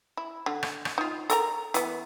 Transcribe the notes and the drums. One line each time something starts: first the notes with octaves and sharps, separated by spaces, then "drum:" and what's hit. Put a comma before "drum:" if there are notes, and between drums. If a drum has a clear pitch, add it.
E4
D3
drum: rim click
drum: rim click
D#4 F4
A4 A#4 A#5, drum: hi-hat
E3 B3, drum: hi-hat